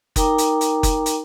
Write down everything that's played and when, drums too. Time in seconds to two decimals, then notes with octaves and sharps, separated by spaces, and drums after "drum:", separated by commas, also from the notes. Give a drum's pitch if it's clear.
0.16 D#4 A#4 G5 A#5 D6, drum: kick F#1, hi-hat
0.38 drum: hi-hat
0.61 drum: hi-hat
0.83 drum: kick F#1, hi-hat
1.06 drum: hi-hat